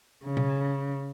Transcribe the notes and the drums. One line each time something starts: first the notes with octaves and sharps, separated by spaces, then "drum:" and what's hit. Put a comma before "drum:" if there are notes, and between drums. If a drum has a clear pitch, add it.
C#3
drum: tom B2